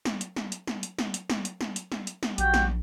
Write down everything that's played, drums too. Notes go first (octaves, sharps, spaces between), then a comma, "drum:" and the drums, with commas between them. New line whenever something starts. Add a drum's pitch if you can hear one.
drum: snare
drum: hi-hat
drum: snare
drum: hi-hat
drum: snare
drum: hi-hat
drum: snare
drum: hi-hat
drum: snare
drum: hi-hat
drum: snare
drum: hi-hat
drum: snare
drum: hi-hat
drum: snare
A#1 F#4 G4 G5, drum: hi-hat
drum: snare